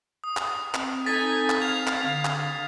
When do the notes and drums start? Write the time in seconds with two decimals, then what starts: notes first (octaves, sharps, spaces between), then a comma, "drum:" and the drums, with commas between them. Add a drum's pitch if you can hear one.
0.24 D#6
0.37 drum: clap
0.74 C4, drum: clap
1.06 D#4 A4 G#5 A6 B6
1.50 drum: clap
1.61 F5 G#6 F7
1.87 drum: clap
2.05 D3
2.25 drum: clap